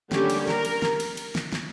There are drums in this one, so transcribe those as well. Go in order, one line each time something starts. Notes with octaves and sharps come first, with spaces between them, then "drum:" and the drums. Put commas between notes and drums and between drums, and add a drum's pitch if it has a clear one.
D3 G3 A#3 C#4 G4, drum: snare
drum: cymbal
A#4, drum: snare
drum: cymbal
drum: snare
drum: cymbal
drum: cymbal
drum: snare
drum: snare